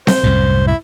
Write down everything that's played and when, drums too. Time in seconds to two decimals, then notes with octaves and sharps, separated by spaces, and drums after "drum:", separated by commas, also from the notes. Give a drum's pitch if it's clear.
0.07 C5, drum: snare C4
0.23 C2 F#2 A2
0.67 E4